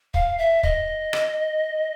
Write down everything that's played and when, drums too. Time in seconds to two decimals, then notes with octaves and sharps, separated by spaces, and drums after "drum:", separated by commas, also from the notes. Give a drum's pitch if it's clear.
0.14 F5, drum: kick
0.38 E5
0.63 D#5, drum: kick
1.13 drum: rim click